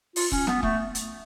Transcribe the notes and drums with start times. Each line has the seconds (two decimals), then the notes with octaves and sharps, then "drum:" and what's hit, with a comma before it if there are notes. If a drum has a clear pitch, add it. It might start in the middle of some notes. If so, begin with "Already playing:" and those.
0.16 F4, drum: open hi-hat
0.32 C#4, drum: kick E1
0.47 B3, drum: snare
0.63 A3, drum: kick E1
0.95 drum: hi-hat